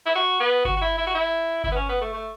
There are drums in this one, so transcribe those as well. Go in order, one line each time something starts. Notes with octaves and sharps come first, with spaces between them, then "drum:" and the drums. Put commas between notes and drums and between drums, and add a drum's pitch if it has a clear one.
E4
F#4
B3
F#4, drum: kick G1
F#4
E4
E4
F#4
E4
E4, drum: kick G1
B3
C#4
B3
A3
A3